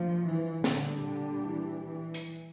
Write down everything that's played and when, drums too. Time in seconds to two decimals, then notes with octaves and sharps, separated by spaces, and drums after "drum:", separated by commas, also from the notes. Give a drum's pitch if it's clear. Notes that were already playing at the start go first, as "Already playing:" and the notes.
Already playing: F3 G3 A#3 D4 F4
0.24 E3
0.64 A#2 D3 G3 D4 G4, drum: snare
1.04 D3
1.45 E3
1.85 E3
2.14 drum: hi-hat